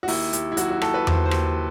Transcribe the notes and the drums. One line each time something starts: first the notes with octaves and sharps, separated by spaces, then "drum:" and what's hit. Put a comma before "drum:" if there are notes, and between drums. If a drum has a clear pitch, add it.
F#4
D#2 E4, drum: open hi-hat
D#2, drum: hi-hat
E4
F#3 F#4, drum: hi-hat
F#4
D#2 A4, drum: rim click
B4
D#2 C5, drum: tom E2
C5
D#2, drum: rim click